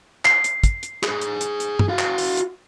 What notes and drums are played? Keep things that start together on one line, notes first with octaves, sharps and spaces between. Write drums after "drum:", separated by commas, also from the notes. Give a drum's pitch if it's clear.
C7, drum: clap
drum: hi-hat
drum: kick, hi-hat
drum: hi-hat
G#4 C5, drum: clap
drum: hi-hat
drum: hi-hat
drum: hi-hat
drum: tom G2
F#4 F5
drum: clap
drum: open hi-hat
drum: hi-hat